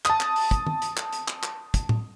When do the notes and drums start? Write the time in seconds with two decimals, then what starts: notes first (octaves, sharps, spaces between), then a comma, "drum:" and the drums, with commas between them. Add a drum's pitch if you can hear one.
0.05 A5 D#6, drum: clap
0.20 drum: clap
0.36 drum: open hi-hat
0.51 drum: kick, hi-hat
0.67 drum: tom
0.82 drum: hi-hat
0.97 drum: clap
1.13 drum: hi-hat
1.28 drum: clap
1.43 drum: clap
1.74 drum: kick, hi-hat
1.89 drum: tom A2